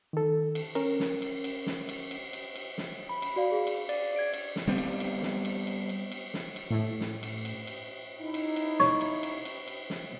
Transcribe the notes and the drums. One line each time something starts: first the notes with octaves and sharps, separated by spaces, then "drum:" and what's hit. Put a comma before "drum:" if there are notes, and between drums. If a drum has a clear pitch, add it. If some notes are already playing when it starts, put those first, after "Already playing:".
D#3 A4
drum: cymbal
C#4 A#4, drum: cymbal
drum: snare
drum: cymbal
drum: cymbal
drum: snare
drum: cymbal
drum: cymbal
drum: cymbal
drum: cymbal
drum: snare
B5
drum: cymbal
F#4 D5 F5
G#4 F5
drum: cymbal
D5, drum: cymbal
G#6 D7
drum: cymbal
drum: snare
G3 B3 C4
drum: cymbal
drum: cymbal
drum: snare
drum: cymbal
drum: cymbal
drum: cymbal
drum: cymbal
drum: snare
drum: cymbal
A2
drum: snare
drum: cymbal
drum: cymbal
drum: cymbal
D#4 E4
drum: cymbal
drum: cymbal
C#5, drum: snare
drum: cymbal
drum: cymbal
drum: cymbal
drum: cymbal
drum: snare